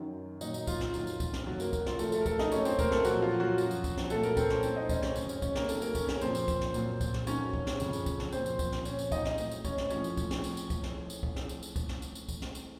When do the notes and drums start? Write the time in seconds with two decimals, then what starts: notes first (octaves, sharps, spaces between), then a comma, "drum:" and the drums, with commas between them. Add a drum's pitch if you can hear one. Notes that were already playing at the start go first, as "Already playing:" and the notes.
Already playing: F#2 D#3 F#3
0.41 A#2 F#3 D#4, drum: tambourine
0.54 drum: tambourine
0.67 F4, drum: kick, tambourine
0.81 drum: snare
0.94 F2 D#3 F#3, drum: tambourine
1.07 drum: tambourine
1.20 drum: kick, tambourine
1.33 drum: snare
1.46 F2 C3 D#3 F#3 F#4
1.60 A#3 A#4, drum: tambourine
1.73 drum: kick, tambourine
1.86 F4, drum: snare
1.99 A2 F3 A3 A4, drum: tambourine
2.12 A3 A4, drum: tambourine
2.21 A#4
2.26 A3 A4, drum: kick, tambourine
2.39 D#4 D#5, drum: snare
2.52 A2 F#3 C#4 C#5, drum: tambourine
2.65 C4 C5, drum: tambourine
2.79 A#3 A#4, drum: kick, tambourine
2.92 A3 A4, drum: snare
3.05 A#2 F3 F#3 F#4, drum: tambourine
3.22 F4
3.40 F#3 F#4
3.58 F#2 F3, drum: tambourine
3.71 drum: tambourine
3.84 drum: kick, tambourine
3.97 drum: snare
4.10 A#2 F#3 A3 A4, drum: tambourine
4.23 A#3 A#4, drum: tambourine
4.37 C4 C5, drum: kick, tambourine
4.50 C#4 C#5, drum: snare
4.63 A2 F#3 C4 C5, drum: tambourine
4.76 D#4 D#5
4.89 C#4 C#5, drum: kick, tambourine
5.02 C#4 C#5, drum: snare
5.16 F#2 C#3 F#3 C#4 C#5, drum: tambourine
5.29 C#4 C#5, drum: tambourine
5.42 C#4 C#5, drum: kick, tambourine
5.55 A#3 A#4, drum: snare
5.69 F#2 D#3 F#3 A3 A4, drum: tambourine
5.82 A#3 A#4, drum: tambourine
5.95 C#4 C#5, drum: kick, tambourine
6.08 C#4 C#5, drum: snare
6.21 A#2 F3 C4 C5, drum: tambourine
6.35 drum: tambourine
6.48 drum: kick, tambourine
6.61 drum: snare
6.74 A#2 F#3, drum: tambourine
7.01 drum: kick, tambourine
7.14 drum: snare
7.27 F2 D#3 F#3 C#4 C#5, drum: tambourine
7.54 drum: kick
7.67 drum: snare
7.80 F2 C#3 F3, drum: tambourine
7.93 drum: tambourine
8.06 drum: kick, tambourine
8.19 drum: snare
8.32 A#2 F3 C4 C5, drum: tambourine
8.46 drum: tambourine
8.59 drum: kick, tambourine
8.72 drum: snare
8.85 A#2 F3 C#4 C#5, drum: tambourine
8.99 drum: tambourine
9.12 D#4 D#5, drum: kick, tambourine
9.25 drum: snare
9.38 A2 F#3, drum: tambourine
9.51 drum: tambourine
9.64 C#4 C#5, drum: kick, tambourine
9.78 drum: snare
9.90 A2 F3 C#4 C#5, drum: tambourine
10.04 drum: tambourine
10.17 drum: kick, tambourine
10.31 drum: snare
10.44 drum: tambourine
10.57 drum: tambourine
10.70 drum: kick, tambourine
10.83 drum: snare
11.10 drum: tambourine
11.23 drum: kick
11.36 drum: snare
11.49 drum: tambourine
11.63 drum: tambourine
11.76 drum: kick, tambourine
11.89 drum: snare
12.02 drum: tambourine
12.15 drum: tambourine
12.29 drum: kick, tambourine
12.42 drum: snare
12.55 drum: tambourine